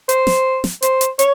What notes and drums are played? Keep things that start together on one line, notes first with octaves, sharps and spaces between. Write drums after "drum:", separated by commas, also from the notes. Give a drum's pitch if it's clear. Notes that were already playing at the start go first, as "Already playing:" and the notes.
C5, drum: hi-hat
drum: snare
drum: snare
C5, drum: hi-hat
drum: hi-hat
C#5, drum: hi-hat